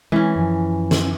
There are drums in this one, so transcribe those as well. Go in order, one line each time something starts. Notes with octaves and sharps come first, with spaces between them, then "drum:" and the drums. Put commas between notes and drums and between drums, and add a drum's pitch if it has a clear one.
E3 G#3 C4 C#4
F#2 F3
drum: snare